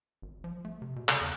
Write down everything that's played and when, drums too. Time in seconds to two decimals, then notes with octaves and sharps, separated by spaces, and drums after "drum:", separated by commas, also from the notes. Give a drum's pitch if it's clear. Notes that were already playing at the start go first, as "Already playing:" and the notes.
0.22 G#1
0.44 F3
0.65 A3
0.82 C3
0.96 B2
1.09 C#3, drum: clap
1.21 E2